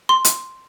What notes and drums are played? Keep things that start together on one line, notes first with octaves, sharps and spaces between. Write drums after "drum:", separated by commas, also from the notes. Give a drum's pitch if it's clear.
C6
drum: hi-hat